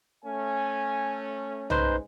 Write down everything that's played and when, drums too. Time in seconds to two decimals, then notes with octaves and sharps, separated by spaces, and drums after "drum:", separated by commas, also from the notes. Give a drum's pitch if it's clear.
0.25 A3 C#4 G#5
1.70 G#3 D#4 B4 C5, drum: tom B1